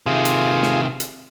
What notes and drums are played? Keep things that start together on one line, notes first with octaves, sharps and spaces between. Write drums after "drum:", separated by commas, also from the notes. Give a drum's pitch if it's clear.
C3 D#3 F4 G#4
drum: hi-hat
drum: snare
drum: hi-hat